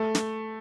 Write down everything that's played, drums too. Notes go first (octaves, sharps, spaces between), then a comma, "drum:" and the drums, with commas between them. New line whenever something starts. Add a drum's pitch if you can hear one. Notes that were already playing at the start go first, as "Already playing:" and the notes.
Already playing: A3
drum: snare